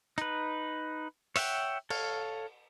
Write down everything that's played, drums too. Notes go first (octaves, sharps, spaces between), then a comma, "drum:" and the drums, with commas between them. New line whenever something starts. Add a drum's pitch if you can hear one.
D#4 B4, drum: hi-hat
C#5 E5 F#5 G5, drum: open hi-hat
A4 C#5 F5, drum: cymbal